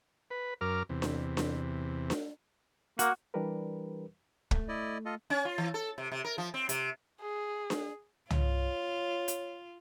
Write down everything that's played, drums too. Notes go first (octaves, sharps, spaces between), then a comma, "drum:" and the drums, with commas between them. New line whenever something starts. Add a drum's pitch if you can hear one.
B4
F#2 A#4 D6 F6
E2 C3
drum: snare D4
drum: snare D4
drum: snare D4
A#3 F#4, drum: hi-hat
E3 G3 D4 G4 A#4 B4
A3, drum: kick
E4 D5 D#5
F4 A4 D#5
C#4
F4
E3
A4
C3
C3
A#4
F3
C4
C3, drum: hi-hat
G#4
drum: snare D4
F4 C#5, drum: tom
drum: hi-hat